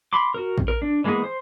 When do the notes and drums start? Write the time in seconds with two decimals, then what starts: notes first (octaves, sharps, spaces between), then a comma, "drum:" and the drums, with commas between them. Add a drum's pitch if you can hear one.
0.13 B5 C6 D6
0.34 F#4 A#4
0.58 drum: kick
0.68 A#4
0.82 D4
1.04 E3 G#3 A#3 B3 G#4
1.24 C5